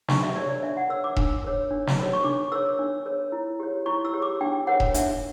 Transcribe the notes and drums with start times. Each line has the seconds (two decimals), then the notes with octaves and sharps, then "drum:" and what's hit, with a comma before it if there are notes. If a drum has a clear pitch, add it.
0.08 D4 C#6, drum: snare
0.23 E5
0.35 A#4 C#5 D5
0.49 D5
0.63 D4 E5
0.77 F#5
0.89 A#4 C#5 E6
1.04 D6
1.16 D4 E6, drum: kick E1
1.44 A#4 C#5
1.71 D4
1.87 drum: snare
1.98 A#4 C#5
2.13 C#6
2.24 D4 D6
2.52 A#4 C#5 E6
2.79 D4
3.06 A#4 C#5
3.32 E4
3.60 G4 C#5
3.86 E4 C#6
4.05 E6
4.13 G4 C#5
4.22 D6
4.41 D4 G5
4.67 A#4 C#5 F#5
4.80 drum: kick E1
4.94 D4 E5, drum: hi-hat